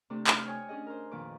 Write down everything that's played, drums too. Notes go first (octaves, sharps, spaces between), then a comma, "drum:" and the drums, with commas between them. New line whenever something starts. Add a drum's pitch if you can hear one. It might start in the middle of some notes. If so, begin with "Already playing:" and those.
C3 A3 C4 D4
F6, drum: clap
C#5 G5 G#5 C#6 D#6
C#4 D4 G#4 D#5
A#4 C5
F2 A#2 D#3 B4 D6